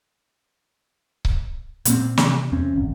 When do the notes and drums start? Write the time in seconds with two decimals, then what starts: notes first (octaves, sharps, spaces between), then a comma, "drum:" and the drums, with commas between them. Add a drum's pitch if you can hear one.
1.25 drum: kick C#1
1.85 A#2 A#3 C4, drum: hi-hat
2.17 C3, drum: snare
2.52 E2 C4 C#4
2.76 D1 G#1